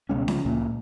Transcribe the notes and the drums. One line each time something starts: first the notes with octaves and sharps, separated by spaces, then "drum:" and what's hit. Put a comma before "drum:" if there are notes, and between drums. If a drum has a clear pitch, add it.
C#2 B2 G#3 C#4
C#3 F3, drum: snare C#4
C#2 A#2